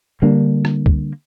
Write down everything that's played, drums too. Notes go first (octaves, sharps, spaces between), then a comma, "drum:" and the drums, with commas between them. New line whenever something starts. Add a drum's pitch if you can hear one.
D3 G3 A#3 D4
drum: rim click
drum: kick C#2